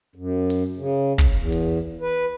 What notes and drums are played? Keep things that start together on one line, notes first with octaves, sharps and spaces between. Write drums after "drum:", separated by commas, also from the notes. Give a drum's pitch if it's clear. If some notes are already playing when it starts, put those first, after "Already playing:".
F#2
drum: open hi-hat
C#3
drum: kick, hi-hat
E2
drum: open hi-hat
B4